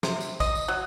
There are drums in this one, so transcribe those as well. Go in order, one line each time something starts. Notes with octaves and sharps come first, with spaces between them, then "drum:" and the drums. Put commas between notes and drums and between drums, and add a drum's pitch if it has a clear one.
C3, drum: snare
drum: tambourine
D#5, drum: kick, tambourine
drum: tambourine
F#3